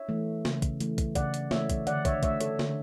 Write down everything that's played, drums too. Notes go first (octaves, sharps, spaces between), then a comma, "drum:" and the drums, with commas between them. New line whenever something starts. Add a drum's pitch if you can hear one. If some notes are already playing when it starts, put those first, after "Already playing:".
Already playing: C#5 E5
E3 A3
C#3, drum: snare
drum: kick, hi-hat
E3 A3, drum: hi-hat
drum: kick, hi-hat
C#3 D5 F#5, drum: kick, hi-hat
drum: hi-hat
E3 A3 C#5 E5, drum: snare
drum: kick, hi-hat
D3 D5 F#5, drum: hi-hat
C#5 E5, drum: kick, hi-hat
A3 C#5 E5, drum: kick, hi-hat
A4 C#5, drum: hi-hat
D3, drum: snare